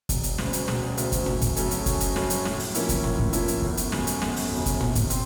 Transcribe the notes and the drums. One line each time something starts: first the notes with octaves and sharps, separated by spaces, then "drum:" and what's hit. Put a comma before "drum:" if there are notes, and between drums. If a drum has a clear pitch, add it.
E1, drum: kick, hi-hat
drum: hi-hat
D2 C#3, drum: snare
drum: hi-hat
E1, drum: snare
D2 C#3, drum: hi-hat
drum: kick, hi-hat
F#2, drum: tom
drum: kick, hi-hat
C#3 F#3 A3 C#4, drum: hi-hat
drum: hi-hat
F#2, drum: kick, hi-hat
drum: hi-hat
C#3 F#3 A3 C#4, drum: snare
drum: hi-hat
A2, drum: snare
drum: open hi-hat
F3 A#3 C#4 E4, drum: hi-hat
drum: kick, hi-hat
A2, drum: tom
drum: kick
F3 A#3 C#4 E4, drum: hi-hat
drum: hi-hat
G1, drum: kick
drum: hi-hat
F#2 C#3, drum: snare
drum: hi-hat
G1, drum: snare
drum: open hi-hat
F#2 C#3
drum: kick, hi-hat
B1, drum: tom
drum: kick, hi-hat
C4, drum: hi-hat